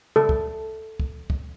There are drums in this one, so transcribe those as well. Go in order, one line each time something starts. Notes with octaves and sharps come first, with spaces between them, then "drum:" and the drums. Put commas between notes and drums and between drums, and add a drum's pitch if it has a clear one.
A4, drum: tom
drum: kick
drum: kick
drum: kick